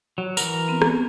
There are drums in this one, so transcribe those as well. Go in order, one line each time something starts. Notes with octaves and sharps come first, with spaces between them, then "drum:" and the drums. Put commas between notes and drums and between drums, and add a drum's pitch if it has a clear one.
F#3
E3 A#4, drum: tambourine
B3 C4
drum: rim click